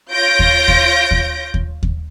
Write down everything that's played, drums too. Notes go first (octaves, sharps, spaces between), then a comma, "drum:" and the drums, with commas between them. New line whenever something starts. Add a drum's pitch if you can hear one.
F4 C#5 G6 A#6 D7
drum: kick D#2
drum: kick D#2
drum: kick D#2
drum: kick D#2
drum: kick D#2